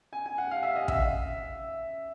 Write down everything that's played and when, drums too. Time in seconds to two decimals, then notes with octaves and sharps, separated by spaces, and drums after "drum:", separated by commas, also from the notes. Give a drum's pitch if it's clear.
0.13 G#5
0.26 G#5
0.38 F#5
0.51 F5
0.63 E5
0.76 D#5
0.88 E5, drum: kick